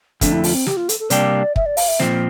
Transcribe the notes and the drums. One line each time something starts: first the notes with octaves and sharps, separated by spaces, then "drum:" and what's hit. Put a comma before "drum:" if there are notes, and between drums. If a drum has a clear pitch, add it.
F2 D3 A3 D4, drum: kick, hi-hat
E4
F4, drum: open hi-hat
C4
G4, drum: snare
F4
A4, drum: hi-hat
A4
C3 G3 A#3 D4 G4 D5, drum: hi-hat
E5, drum: kick
D5
F5, drum: open hi-hat
E5
A#2 F3 C4, drum: snare